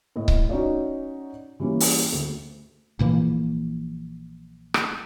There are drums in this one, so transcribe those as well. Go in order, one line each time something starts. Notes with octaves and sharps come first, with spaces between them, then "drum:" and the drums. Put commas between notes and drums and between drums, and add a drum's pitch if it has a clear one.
A2 D#5
drum: kick C#1
C#4 D#4 F#4 C#5 D5
E3 G3 A#3 C#4
drum: open hi-hat
D2
A#1 A#2 E3 A#3
drum: rim click